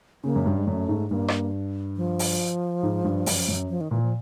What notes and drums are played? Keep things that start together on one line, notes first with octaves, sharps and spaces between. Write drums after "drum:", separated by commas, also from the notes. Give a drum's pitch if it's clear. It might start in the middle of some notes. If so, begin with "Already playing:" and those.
C#3 A#3
F#2
G2 G3
G#3
F#2 A3
G#2
G2 A#3
drum: rim click
F3
drum: open hi-hat
G#2
G2
F#2, drum: open hi-hat
F#2
F3
D#3
A#2 E3
F3